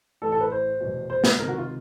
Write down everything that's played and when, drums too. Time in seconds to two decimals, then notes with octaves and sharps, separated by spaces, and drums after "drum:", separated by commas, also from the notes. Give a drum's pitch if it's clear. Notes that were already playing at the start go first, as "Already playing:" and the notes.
0.22 A1 A2 E3 A4
0.32 A4
0.41 B4
0.52 C5
0.80 F1 E2 B2
1.10 C5
1.24 B4, drum: snare B3
1.38 C#2 C3 D#3 A#4
1.48 F#4
1.58 F4